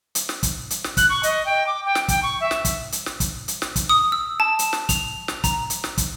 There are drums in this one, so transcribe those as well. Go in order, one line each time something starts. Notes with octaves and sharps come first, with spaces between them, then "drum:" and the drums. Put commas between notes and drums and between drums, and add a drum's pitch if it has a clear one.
drum: hi-hat
drum: snare
drum: kick, hi-hat
drum: hi-hat
drum: snare
F#6, drum: kick, hi-hat
C#6
D#5, drum: hi-hat
G5
D6
G5
drum: snare
G5, drum: kick, hi-hat
C#6
E5
drum: snare
drum: kick, hi-hat
drum: hi-hat
drum: snare
drum: kick, hi-hat
drum: hi-hat
drum: snare
drum: kick, hi-hat
D#6
E6
A5
drum: hi-hat
drum: snare
F7, drum: kick, hi-hat
drum: snare
A#5, drum: kick, hi-hat
drum: hi-hat
drum: snare
drum: kick, hi-hat